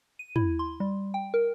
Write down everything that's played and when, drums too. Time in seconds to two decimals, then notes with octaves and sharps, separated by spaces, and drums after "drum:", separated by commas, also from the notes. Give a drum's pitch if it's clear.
0.19 D#7
0.36 E4, drum: tom
0.59 C6
0.80 G3
1.14 G5
1.34 A#4